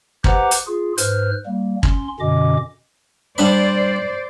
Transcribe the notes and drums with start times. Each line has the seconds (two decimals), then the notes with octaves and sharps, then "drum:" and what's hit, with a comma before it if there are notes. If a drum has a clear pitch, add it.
0.24 G4 B4 C5 F#5 A#5 D6, drum: kick
0.51 drum: hi-hat
0.67 F4 G#4
0.98 G#2 B4 C5 F6, drum: hi-hat
1.46 G3 A#3
1.83 C#4 C6, drum: kick
2.20 F#2 B2 D3 C#4 D#5 D6
3.38 G3 D4 C5 D5 B5